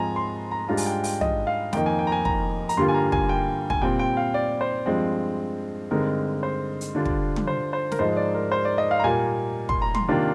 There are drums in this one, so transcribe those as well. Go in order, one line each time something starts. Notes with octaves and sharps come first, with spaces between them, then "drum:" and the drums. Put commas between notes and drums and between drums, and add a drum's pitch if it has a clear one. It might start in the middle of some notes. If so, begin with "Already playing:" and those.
Already playing: G#2 F3 C4 D#4 G#5 A#5
C6
A#5
G#2 G3 D4 F4 A#5
G#5, drum: open hi-hat
G5
G5, drum: open hi-hat
D#5, drum: tom
F5
F2 D#3 A#3 D#4 G5, drum: snare
G#5
G5
A#5
G#5
A#5, drum: kick
A#5, drum: hi-hat
G2 D3 G3 A#3 F4 C6
G#5
A#5
G#5, drum: kick
G5
G#5, drum: kick
A#2 G3 C4 G5
G5
F5
D5
C5
G2 F3 G#3 C4
G2 D3 G#3 C4 D#4 A#4
C5
drum: hi-hat
D3 G3 D4 F4
drum: kick
drum: tom
C5
C5
A#4, drum: snare
G#2 F3 G#3 D#4 C5
D5
A#4
C5
D5
D#5
F5
A#5
A#2 G3 A#3 G#5
C6, drum: kick
A#5
C6, drum: tom
C3 D#3 A#3 D4 F4